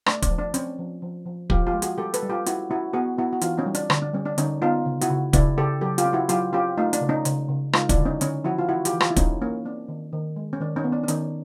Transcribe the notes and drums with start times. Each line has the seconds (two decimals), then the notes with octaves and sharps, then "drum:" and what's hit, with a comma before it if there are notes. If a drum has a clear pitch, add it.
0.06 A3 D4, drum: rim click
0.22 D4, drum: kick, hi-hat
0.30 F3
0.39 D4
0.54 C4 C#4, drum: hi-hat
0.79 F3
1.02 F3
1.26 F3
1.50 F3 F4 G4, drum: kick
1.67 F4 G4
1.74 G#3
1.82 F#4 G#4, drum: hi-hat
1.98 G3 G4 A4
2.14 A4 B4, drum: hi-hat
2.23 G3
2.30 F4 G4
2.46 C#4 E4 F#4, drum: hi-hat
2.70 C#4 E4 F#4
2.93 B3 F#4 G#4
3.17 B3 E4 F#4
3.33 F#4
3.41 E3 D#4 F4, drum: hi-hat
3.58 C#4 D#4
3.66 G3
3.75 D4, drum: hi-hat
3.90 D3 D4, drum: rim click
4.02 D4
4.13 G3 C#4
4.25 D4
4.38 D3 C#4 D#4, drum: hi-hat
4.62 B3 D#4 F4
4.86 C#3
5.01 E4 F#4, drum: hi-hat
5.10 C#3
5.33 C#3 D4 E4, drum: kick, hi-hat
5.57 C#3 G4 A4
5.81 F#3 G4 A4
5.98 F4 G4, drum: hi-hat
6.05 C#4
6.13 E4 F#4
6.29 F#3 F4 G4, drum: hi-hat
6.53 C#4 F4 G4
6.78 A3 D#4 F4
6.93 D4, drum: hi-hat
7.01 C#3
7.09 C#4 D#4
7.25 C#3, drum: hi-hat
7.49 C#3
7.73 G#3 D#4 F4, drum: rim click
7.89 D4 E4, drum: kick, hi-hat
7.97 D3
8.05 C#4 D#4
8.21 D3 C#4 D#4, drum: hi-hat
8.45 F3 E4 F#4
8.58 F4
8.69 E3 E4 F#4
8.85 F4 G4, drum: hi-hat
8.93 E3
9.00 F4 G4, drum: rim click
9.10 E4
9.16 A#3 C#4 D#4, drum: kick, hi-hat
9.41 A#3 C#4
9.64 C4 D4
9.88 D#3
10.13 D#3
10.36 G#3
10.53 C#4
10.60 D#3 D4
10.76 C#4 D#4
10.84 B3
10.92 D4
11.04 D4
11.08 D#3 C#4 D#4, drum: hi-hat